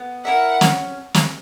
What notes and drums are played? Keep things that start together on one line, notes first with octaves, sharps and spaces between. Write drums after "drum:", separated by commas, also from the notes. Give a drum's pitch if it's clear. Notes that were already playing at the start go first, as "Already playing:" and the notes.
Already playing: B3
E4 A#4 E5 F#5
C#4, drum: snare
drum: snare